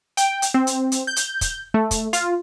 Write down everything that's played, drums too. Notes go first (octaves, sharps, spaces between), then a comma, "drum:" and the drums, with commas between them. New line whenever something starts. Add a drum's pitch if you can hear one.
G5, drum: hi-hat
drum: hi-hat
C4
drum: hi-hat
drum: hi-hat
G6
drum: hi-hat
drum: kick, hi-hat
A3
drum: kick, hi-hat
F4, drum: hi-hat